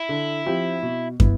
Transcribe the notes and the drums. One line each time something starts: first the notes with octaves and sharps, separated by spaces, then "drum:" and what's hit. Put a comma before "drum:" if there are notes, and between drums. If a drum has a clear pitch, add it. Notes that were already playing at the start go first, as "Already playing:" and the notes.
Already playing: E4
D3
F3 C4 G4
B2
B3 E4, drum: kick